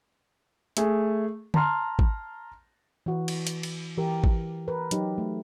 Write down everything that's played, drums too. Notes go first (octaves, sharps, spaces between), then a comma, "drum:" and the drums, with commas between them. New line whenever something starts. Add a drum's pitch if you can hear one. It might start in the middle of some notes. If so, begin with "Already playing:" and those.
A3 G#4, drum: hi-hat
A5 A#5 C6 F6, drum: tom D3
drum: kick
E3 F#4
drum: cymbal
drum: hi-hat
drum: cymbal
E3 G4 A#4
drum: kick
A#4 B4
F#3 D#4 G4, drum: hi-hat
A3